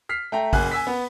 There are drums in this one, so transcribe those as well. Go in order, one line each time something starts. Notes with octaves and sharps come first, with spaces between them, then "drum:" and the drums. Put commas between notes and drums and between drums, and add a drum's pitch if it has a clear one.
F6 B6 C7
A3 G5 A#5
F#1 G#5 F#6, drum: kick A1, open hi-hat
G#5 E6 B6
B3